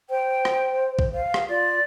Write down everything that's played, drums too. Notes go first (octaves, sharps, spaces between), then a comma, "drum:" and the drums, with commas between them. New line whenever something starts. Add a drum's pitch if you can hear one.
C5 G5
drum: rim click
drum: kick A#1
F5
drum: rim click
F4 D5